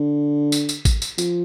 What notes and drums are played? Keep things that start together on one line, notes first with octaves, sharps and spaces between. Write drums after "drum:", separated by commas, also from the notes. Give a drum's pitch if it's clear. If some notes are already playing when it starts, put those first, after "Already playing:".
Already playing: D3
drum: tambourine
drum: tambourine
drum: kick A1, tambourine
drum: tambourine
F3, drum: tambourine